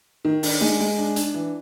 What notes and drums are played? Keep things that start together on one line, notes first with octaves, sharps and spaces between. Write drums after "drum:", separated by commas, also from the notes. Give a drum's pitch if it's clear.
D#3
D4, drum: open hi-hat
G#3
G#3
D4
D4, drum: hi-hat
E3